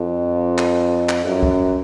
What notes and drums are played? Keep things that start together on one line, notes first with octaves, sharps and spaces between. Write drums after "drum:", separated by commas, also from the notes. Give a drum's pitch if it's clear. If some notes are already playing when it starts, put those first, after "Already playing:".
Already playing: F2
drum: clap
drum: clap
F#2
drum: kick